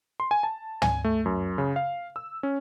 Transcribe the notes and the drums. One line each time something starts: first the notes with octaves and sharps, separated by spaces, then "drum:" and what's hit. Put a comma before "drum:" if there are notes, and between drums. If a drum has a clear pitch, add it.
C6
G#5
A5
G#5, drum: tom
A3
F#2
C#3
F5
E6
C#4